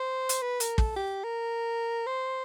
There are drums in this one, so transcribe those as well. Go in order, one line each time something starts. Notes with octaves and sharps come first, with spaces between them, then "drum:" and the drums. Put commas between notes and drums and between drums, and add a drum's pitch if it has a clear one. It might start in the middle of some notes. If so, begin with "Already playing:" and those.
Already playing: C5
drum: hi-hat
B4
A#4, drum: hi-hat
A4, drum: kick
G4
A#4
C5